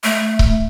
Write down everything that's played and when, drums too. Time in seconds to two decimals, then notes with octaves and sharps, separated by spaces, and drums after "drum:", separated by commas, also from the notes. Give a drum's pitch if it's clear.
0.04 A3
0.39 drum: kick C#1